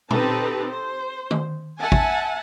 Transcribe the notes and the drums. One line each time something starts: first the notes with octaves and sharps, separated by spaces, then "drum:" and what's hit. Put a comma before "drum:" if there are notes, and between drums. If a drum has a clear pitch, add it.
C4 D#4 G4 A4 B4 A5, drum: tom A#2
C5
drum: tom D#3
E5 F#5 G#5 A5
drum: kick